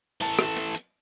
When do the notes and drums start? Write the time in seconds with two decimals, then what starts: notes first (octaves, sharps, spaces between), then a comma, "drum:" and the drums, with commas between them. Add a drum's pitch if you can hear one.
0.21 E3 A4, drum: open hi-hat
0.39 drum: rim click
0.57 drum: hi-hat
0.75 drum: hi-hat